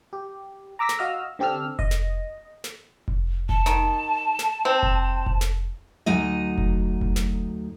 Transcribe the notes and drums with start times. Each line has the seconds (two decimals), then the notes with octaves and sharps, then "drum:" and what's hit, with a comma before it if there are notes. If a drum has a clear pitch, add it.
0.13 G4
0.79 A#5 D6 E6 A#6 B6
0.89 drum: snare
0.99 F#4 D#5 F5 E6 F6
1.39 D3 C4 G4 A4 E6 F6
1.79 D#5, drum: kick F1
1.91 drum: snare
2.64 drum: snare
3.08 drum: kick F1
3.49 A5, drum: kick F1
3.66 D#3, drum: snare
4.39 drum: snare
4.65 C4
4.83 drum: kick F1
5.26 drum: kick F1
5.41 drum: snare
6.06 D2 F#3 D#4 D#5
6.58 drum: kick F1
7.01 drum: kick F1
7.16 drum: snare